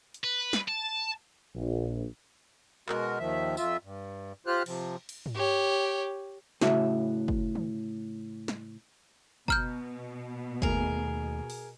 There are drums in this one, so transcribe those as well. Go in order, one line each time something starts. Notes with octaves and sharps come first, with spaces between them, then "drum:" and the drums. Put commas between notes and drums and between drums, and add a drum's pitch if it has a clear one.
drum: hi-hat
B4
drum: snare
A5
A#1
B2 G#3 F#4 A#4, drum: clap
D#2 D#3 F3 E5
F2 F4 E5 E6, drum: tambourine
G2
F4 G4 C5 F6 F#6
C3 F3, drum: cymbal
drum: cymbal
drum: tom
G4 C#5
A2 C#3 F#4 E5, drum: snare
drum: kick
drum: tom
drum: snare
B2 A#5 F6 G6, drum: kick
D#2 A3 G#4 A#4, drum: kick
drum: open hi-hat